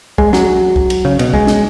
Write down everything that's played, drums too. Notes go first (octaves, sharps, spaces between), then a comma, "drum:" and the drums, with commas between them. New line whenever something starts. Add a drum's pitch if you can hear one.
G#3, drum: kick C2
F#3, drum: snare
drum: kick C2
drum: cymbal
C#3
B2, drum: cymbal
G#3, drum: kick C2
drum: snare